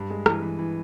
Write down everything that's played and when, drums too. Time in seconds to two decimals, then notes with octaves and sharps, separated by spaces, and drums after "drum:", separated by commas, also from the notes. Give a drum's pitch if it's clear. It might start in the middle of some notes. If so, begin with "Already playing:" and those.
Already playing: G2
0.10 G#3
0.26 E3, drum: rim click
0.42 E3
0.59 E3